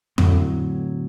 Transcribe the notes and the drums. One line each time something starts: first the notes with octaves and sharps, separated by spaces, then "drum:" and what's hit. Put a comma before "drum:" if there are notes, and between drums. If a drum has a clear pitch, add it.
A2 D3 F#3 C4, drum: tom F2